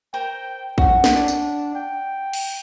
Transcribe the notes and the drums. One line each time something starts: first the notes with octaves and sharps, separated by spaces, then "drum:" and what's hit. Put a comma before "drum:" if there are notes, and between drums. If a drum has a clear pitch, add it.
A#4 C5 G5 A#5
C#4 F#4, drum: kick A1
drum: snare
D4
drum: tambourine
G5
drum: cymbal